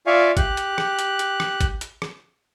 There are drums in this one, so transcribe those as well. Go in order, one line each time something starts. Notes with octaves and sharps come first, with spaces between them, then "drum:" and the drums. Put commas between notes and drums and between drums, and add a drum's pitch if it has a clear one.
F4 D5 E5 F5 G#5 C#6
G4 F#6, drum: kick G#1, hi-hat
drum: hi-hat
drum: rim click
drum: hi-hat
drum: hi-hat
drum: rim click
drum: kick G#1, hi-hat
drum: hi-hat
drum: rim click